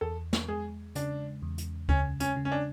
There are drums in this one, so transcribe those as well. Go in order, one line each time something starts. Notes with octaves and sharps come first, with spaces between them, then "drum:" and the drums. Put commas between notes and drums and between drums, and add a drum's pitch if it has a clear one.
E2 A4
drum: snare
G#3 G#4
C#3 D4, drum: hi-hat
E2
drum: hi-hat
C#3 C#4, drum: kick D2
C#4, drum: hi-hat
C#3
C#4
D4